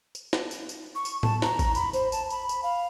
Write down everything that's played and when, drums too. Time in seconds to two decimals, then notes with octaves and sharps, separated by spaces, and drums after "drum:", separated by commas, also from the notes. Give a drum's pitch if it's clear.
0.15 drum: tambourine
0.33 drum: snare
0.51 drum: tambourine
0.69 drum: tambourine
0.95 C#6
1.05 drum: tambourine
1.23 A5, drum: tom A2
1.42 A#5, drum: snare
1.59 drum: kick A1, tambourine
1.75 B5, drum: tambourine
1.93 C5, drum: tambourine
2.12 A5, drum: tambourine
2.30 B5, drum: tambourine
2.49 drum: tambourine
2.63 F5